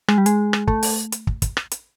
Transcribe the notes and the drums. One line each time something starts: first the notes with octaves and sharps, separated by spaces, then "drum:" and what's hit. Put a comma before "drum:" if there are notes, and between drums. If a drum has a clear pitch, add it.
G#3, drum: rim click
G3
G#3, drum: hi-hat
drum: rim click
A3, drum: kick
drum: open hi-hat
drum: hi-hat
drum: kick
drum: kick, hi-hat
drum: rim click
drum: hi-hat